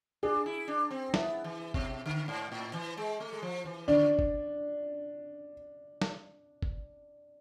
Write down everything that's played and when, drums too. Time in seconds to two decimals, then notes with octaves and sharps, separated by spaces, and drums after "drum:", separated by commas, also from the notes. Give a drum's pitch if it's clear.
0.23 D4 G#4
0.46 E4
0.68 D4
0.91 C4
1.14 B3 E4, drum: snare
1.44 E3
1.74 B2, drum: kick F#1
2.06 D3
2.28 G#2
2.52 A2
2.73 E3
2.97 G#3
3.20 A3
3.32 G#3
3.42 F3
3.65 E3
3.88 D3 D4
4.19 drum: kick F#1
6.02 drum: snare
6.62 drum: kick F#1